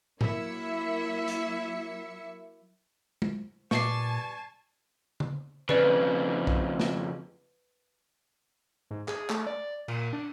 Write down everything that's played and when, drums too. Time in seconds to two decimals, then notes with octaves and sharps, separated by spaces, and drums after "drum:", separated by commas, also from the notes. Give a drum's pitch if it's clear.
0.21 F#3 A#3 E4 E5 C#7, drum: tom G#2
1.28 drum: hi-hat
3.22 drum: tom
3.71 A#2 G3 B3 D5 G#5 A5 C#6 C7, drum: snare
5.20 drum: tom C#3
5.69 F2 C#3 B4 D5, drum: tom C#3
6.47 drum: kick
6.80 drum: snare
8.91 G#2
9.08 G#4, drum: clap
9.30 A3, drum: clap
9.47 D5
9.88 A#2, drum: cymbal
10.13 D4